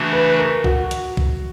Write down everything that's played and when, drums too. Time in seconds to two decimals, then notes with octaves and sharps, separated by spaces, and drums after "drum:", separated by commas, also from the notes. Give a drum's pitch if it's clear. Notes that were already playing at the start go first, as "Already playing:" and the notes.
Already playing: C#3 E3 A3 D4 F#4
0.12 B4
0.39 A#4
0.64 F#4, drum: kick
0.91 drum: hi-hat
1.17 drum: kick